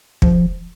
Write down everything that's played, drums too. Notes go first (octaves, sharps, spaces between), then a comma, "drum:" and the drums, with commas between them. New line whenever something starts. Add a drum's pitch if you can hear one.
F3, drum: kick